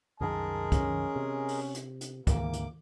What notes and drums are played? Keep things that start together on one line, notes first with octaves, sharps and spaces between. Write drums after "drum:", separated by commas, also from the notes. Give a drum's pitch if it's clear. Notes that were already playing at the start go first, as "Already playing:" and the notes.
C2 F#2 D#3 G#3 G#4 A#4 A5
C#4, drum: kick, hi-hat
C3
drum: open hi-hat
drum: hi-hat
drum: hi-hat
D2 G#2 A#3 D6, drum: kick, hi-hat
drum: hi-hat